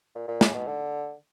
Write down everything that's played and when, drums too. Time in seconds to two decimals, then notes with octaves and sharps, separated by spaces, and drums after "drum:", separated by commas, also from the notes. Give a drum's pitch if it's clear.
0.15 A#2
0.28 A#2
0.41 C#3, drum: snare
0.53 B2
0.66 D3